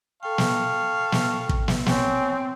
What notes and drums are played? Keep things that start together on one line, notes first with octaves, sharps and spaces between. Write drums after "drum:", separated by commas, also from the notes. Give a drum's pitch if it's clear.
A4 F5 G5 A5 C#6
drum: snare
drum: snare
drum: kick
drum: snare
C4 C#5 G#5 C#6, drum: snare